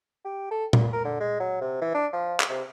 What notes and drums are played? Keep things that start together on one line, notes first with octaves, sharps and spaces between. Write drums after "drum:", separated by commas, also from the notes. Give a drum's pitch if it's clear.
G4
A4
A#2, drum: tom A#2
A#4
D3
G#3
F#3
C3
E3
D4
F3
drum: clap
C3